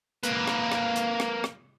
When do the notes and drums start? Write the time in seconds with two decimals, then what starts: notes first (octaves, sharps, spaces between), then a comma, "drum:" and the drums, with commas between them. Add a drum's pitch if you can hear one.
0.23 A#3 B4, drum: hi-hat
0.48 drum: rim click
0.72 drum: rim click
0.96 drum: hi-hat
1.20 drum: rim click
1.44 drum: rim click